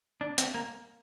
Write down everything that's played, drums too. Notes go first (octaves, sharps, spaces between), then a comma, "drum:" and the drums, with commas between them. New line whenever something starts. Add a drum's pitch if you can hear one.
D4
C4, drum: hi-hat
A#3